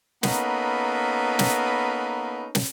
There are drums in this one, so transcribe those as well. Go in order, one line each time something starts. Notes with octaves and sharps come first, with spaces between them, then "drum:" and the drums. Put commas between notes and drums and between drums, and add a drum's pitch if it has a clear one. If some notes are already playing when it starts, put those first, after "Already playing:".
A#3 B3 C#4 D#4 A4 B4, drum: snare
drum: snare
drum: snare